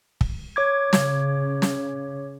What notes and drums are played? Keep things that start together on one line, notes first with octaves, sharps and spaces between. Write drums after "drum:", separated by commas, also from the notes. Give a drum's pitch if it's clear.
drum: kick
C#5 D6 G#6
C#3, drum: snare
drum: snare